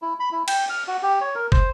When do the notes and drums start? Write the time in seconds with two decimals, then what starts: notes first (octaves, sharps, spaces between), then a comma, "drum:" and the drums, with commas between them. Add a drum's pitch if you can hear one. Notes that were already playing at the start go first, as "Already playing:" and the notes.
0.02 E4
0.20 B5
0.32 E4
0.48 G5, drum: cymbal
0.70 F6
0.88 F#4
1.02 G4
1.21 C#5
1.35 A#4
1.52 C5, drum: kick